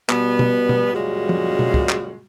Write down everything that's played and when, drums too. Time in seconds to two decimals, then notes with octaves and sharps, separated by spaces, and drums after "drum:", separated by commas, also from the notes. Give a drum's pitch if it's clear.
0.09 B2 G3 B3, drum: clap
0.39 drum: tom B2
0.69 drum: tom B2
0.93 F#2 A#2 C#3 G3 G#3 F#4
1.29 drum: tom F3
1.59 drum: tom B2
1.74 drum: kick
1.89 drum: clap